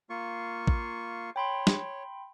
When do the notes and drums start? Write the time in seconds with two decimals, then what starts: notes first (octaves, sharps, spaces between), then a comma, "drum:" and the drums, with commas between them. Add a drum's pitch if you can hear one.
0.10 A#3 F4 C#6
0.67 drum: kick
1.36 C#5 G5 B5 C6
1.67 drum: snare